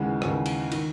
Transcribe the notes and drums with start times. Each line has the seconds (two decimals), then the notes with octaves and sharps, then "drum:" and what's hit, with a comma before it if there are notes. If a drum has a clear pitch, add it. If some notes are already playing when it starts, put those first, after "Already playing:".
Already playing: D#2 C#3 E3 G#3 F#5
0.22 D#2 C#3 E3 G#3, drum: rim click
0.46 drum: cymbal
0.72 D#3, drum: cymbal